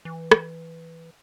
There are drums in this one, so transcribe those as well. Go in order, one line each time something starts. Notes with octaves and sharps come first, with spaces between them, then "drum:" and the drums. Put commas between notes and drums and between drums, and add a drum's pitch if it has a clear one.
E3
drum: rim click